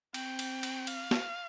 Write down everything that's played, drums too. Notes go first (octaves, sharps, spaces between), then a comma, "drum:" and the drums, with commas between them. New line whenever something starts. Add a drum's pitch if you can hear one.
C4 G5, drum: cymbal
drum: cymbal
drum: cymbal
F5, drum: cymbal
drum: snare